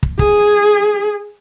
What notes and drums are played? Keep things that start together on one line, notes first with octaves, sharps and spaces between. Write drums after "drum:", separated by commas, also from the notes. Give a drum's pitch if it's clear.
drum: kick
G#4, drum: kick